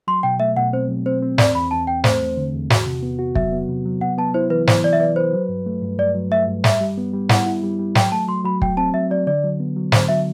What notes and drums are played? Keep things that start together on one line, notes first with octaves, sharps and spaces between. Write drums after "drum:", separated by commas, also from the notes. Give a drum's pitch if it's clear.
F#3 C6
B2 G5
A3 E5
B2 F#5
C4 C5
F#3
C4 C5
C4
E2 D5, drum: snare
E2 B5
E2 A5
E2 G5
A3 C5, drum: snare
E2
D3
E2
F#4, drum: snare
C3
B3
F#4
F#3 E5, drum: kick
B3
C3
F#3
B3 F#5
B3 A5
E4 C5
E3 B4
E3 C5, drum: snare
E3 D5
E5
B4 D5
B4 C5
F#3
G2
A3
G2
G2 D5
F#3
A3 E5
G2
G3 E5, drum: snare
G3
B3
G3
E4 F#5, drum: snare
E4
G3
G3
F#3 G5, drum: snare
A3 A5
F#3 C6
F#3 B5
F#3 G5, drum: kick
C4 A5
F#3 E5
F#3 D5
D3 D5
F#3
B3
F#3
D3 C5, drum: snare
F#3 E5